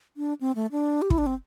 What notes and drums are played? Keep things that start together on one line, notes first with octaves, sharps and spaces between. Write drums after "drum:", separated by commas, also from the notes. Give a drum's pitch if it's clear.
D4
C4
A3
D4
G4
E4, drum: kick
D4
C4